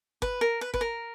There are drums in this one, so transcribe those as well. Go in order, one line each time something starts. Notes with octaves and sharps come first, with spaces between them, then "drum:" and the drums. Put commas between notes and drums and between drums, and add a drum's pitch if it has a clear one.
B4, drum: kick G1
A#4
B4
B4, drum: kick G1
A#4